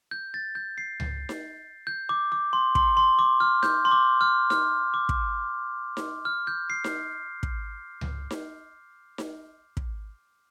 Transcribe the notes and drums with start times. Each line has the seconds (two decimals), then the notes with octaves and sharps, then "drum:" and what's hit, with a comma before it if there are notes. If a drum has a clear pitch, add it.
0.11 G6
0.34 A6
0.55 G6
0.78 C7
1.00 drum: tom C#2
1.29 drum: snare D#4
1.87 G6
2.09 D6
2.32 D6
2.53 C6
2.75 C6, drum: kick
2.97 C6
3.19 D6
3.40 F6
3.63 G6, drum: snare D#4
3.85 C6
3.91 D6
4.21 F6
4.50 F6, drum: snare D#4
4.94 D6
5.09 drum: kick
5.97 drum: snare D#4
6.25 F6
6.47 G6
6.70 C7
6.84 drum: snare D#4
7.43 drum: kick
8.01 drum: tom C#2
8.31 drum: snare D#4
9.18 drum: snare D#4
9.77 drum: kick